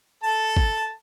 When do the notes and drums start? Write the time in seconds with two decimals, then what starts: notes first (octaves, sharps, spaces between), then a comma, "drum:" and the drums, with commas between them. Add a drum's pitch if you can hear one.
0.24 A4 A5
0.57 drum: kick